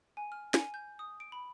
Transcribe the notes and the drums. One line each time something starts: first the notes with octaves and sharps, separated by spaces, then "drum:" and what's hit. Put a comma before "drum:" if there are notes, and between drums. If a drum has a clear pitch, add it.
G#5
F6
G#5, drum: snare
G6
D#6
D7
B5